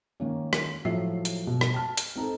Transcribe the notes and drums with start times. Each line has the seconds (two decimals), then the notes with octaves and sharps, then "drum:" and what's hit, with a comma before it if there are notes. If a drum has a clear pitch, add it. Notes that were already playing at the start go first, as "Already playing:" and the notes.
0.20 D#3 A#3 C#4
0.53 drum: rim click
0.85 A2 F3 F#3 E5 C7
1.25 drum: hi-hat
1.47 B2
1.61 drum: rim click
1.74 A5 F6
1.97 drum: hi-hat
2.16 C4 D#4 A4